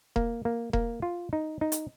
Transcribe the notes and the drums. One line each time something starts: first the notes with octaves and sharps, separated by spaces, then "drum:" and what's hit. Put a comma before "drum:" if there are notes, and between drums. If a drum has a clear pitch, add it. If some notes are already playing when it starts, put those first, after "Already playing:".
A#3, drum: kick E1
A#3
A#3, drum: kick E1
F4
D#4
D#4
drum: hi-hat